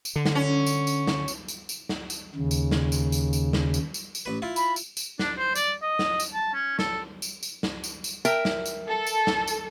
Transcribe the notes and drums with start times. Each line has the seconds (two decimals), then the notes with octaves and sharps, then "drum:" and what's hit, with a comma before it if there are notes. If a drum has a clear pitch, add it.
0.05 drum: tambourine
0.16 D3
0.26 drum: snare
0.35 C#4
0.66 drum: tambourine
0.87 drum: tambourine
1.07 drum: snare
1.28 drum: tambourine
1.48 drum: tambourine
1.69 drum: tambourine
1.89 drum: snare
2.10 drum: tambourine
2.35 D#2 C#3
2.51 drum: tambourine
2.71 drum: snare
2.92 drum: tambourine
3.12 drum: tambourine
3.33 drum: tambourine
3.53 drum: snare
3.74 drum: tambourine
3.94 drum: tambourine
4.15 drum: tambourine
4.26 A1 B4
4.42 E4 F4
4.56 B5, drum: tambourine
4.76 drum: tambourine
4.97 drum: tambourine
5.19 D4, drum: snare
5.38 C5
5.55 D5, drum: tambourine
5.82 D#5
5.99 drum: snare
6.20 drum: tambourine
6.34 A5
6.53 C#4
6.79 A4, drum: snare
7.22 drum: tambourine
7.43 drum: tambourine
7.63 drum: snare
7.84 drum: tambourine
8.04 drum: tambourine
8.25 A#4 E5 G5, drum: tambourine
8.45 drum: snare
8.66 drum: tambourine
8.89 A4
9.07 drum: tambourine
9.27 drum: snare
9.48 drum: tambourine